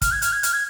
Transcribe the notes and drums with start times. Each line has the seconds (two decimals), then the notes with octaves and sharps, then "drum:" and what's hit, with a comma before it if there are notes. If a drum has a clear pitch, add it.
0.02 F6, drum: kick, hi-hat
0.12 G#6
0.22 F6, drum: hi-hat
0.32 G#6
0.43 F6, drum: hi-hat
0.53 G#6